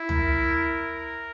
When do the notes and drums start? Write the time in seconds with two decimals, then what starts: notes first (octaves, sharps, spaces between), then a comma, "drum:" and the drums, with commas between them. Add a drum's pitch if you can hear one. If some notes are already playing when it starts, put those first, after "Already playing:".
Already playing: E4
0.09 A#4, drum: tom